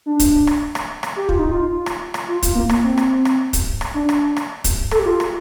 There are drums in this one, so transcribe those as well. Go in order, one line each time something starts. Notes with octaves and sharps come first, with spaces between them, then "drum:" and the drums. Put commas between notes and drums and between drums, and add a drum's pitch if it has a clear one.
D4
drum: kick, hi-hat
drum: rim click
drum: rim click
drum: rim click
G4
F4, drum: kick
D#4
F4
drum: rim click
drum: rim click
F4
F4, drum: kick, hi-hat
A#3
A#3, drum: rim click
C4
drum: rim click
drum: rim click
drum: kick, hi-hat
drum: rim click
D4
drum: rim click
drum: rim click
drum: kick, hi-hat
A4, drum: rim click
G4
F4
drum: rim click